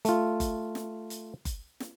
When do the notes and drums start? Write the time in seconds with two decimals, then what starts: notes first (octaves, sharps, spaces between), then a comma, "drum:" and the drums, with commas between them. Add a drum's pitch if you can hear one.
0.05 A3 F4, drum: hi-hat
0.40 drum: kick F#1, hi-hat
0.75 drum: snare
1.10 drum: hi-hat
1.45 drum: kick F#1, hi-hat
1.80 drum: snare